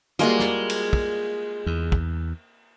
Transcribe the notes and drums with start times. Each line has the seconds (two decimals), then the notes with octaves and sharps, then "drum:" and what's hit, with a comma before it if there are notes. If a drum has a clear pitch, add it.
0.19 G3 G#3 A#3 F4 F#4, drum: hi-hat
0.40 drum: snare
0.70 drum: cymbal
0.93 drum: kick
1.66 E2
1.92 drum: kick